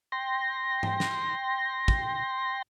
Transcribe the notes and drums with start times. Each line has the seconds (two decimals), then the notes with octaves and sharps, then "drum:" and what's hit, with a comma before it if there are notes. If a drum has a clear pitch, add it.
0.12 G5 C6 A#6
0.83 drum: tom G#2
1.00 drum: snare
1.88 drum: kick